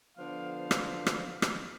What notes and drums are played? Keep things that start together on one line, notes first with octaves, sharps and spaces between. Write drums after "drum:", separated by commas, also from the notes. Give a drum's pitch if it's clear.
D3 F3 B3 A4 C5 F5
drum: rim click
drum: rim click
drum: rim click